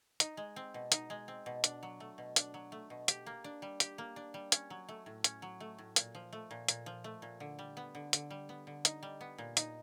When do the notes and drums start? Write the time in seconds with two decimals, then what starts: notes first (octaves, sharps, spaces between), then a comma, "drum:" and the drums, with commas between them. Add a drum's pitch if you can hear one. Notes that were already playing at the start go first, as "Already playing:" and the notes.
0.20 D#4, drum: hi-hat
0.37 G#3
0.56 C4
0.74 B2
0.92 D#4, drum: hi-hat
1.10 G#3
1.28 C4
1.46 B2
1.64 D4, drum: hi-hat
1.83 F#3
2.00 A3
2.18 B2
2.36 D4, drum: hi-hat
2.54 F#3
2.72 A3
2.90 B2
3.08 G4, drum: hi-hat
3.26 A#3
3.44 D4
3.62 G3
3.80 G4, drum: hi-hat
3.98 A#3
4.16 D4
4.34 G3
4.52 C#4, drum: hi-hat
4.70 F#3
4.89 A3
5.06 A2
5.24 C#4, drum: hi-hat
5.42 F#3
5.60 A3
5.78 A2
5.96 A#2, drum: hi-hat
6.15 F3
6.33 A3
6.51 A#2
6.68 A#2, drum: hi-hat
6.86 F3
7.04 A3
7.22 A#2
7.40 D3
7.59 G3
7.77 B3
7.95 D3
8.13 D3, drum: hi-hat
8.30 G3
8.49 B3
8.67 D3
8.85 D#4, drum: hi-hat
9.03 G3
9.21 B3
9.38 A#2
9.57 D#4, drum: hi-hat